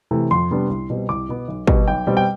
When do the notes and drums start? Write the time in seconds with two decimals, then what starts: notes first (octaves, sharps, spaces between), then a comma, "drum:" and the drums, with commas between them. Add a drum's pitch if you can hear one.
0.11 C3 E3 A3
0.31 F2 C6
0.51 C3 G3 B3 D4
0.70 C2
0.90 B2 G3 C4
1.09 C2 D6
1.29 B2 B3
1.48 B1
1.67 B2 G3, drum: kick
1.88 B1 G5
2.07 B2 G3 C4
2.17 G5